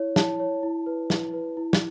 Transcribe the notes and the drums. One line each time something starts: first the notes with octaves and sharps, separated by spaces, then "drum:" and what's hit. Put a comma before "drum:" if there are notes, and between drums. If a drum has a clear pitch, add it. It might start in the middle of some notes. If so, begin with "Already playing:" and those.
Already playing: E4 C#5
E4 A5, drum: snare
C#5
E4
B4
E4, drum: snare
B4
E4
drum: snare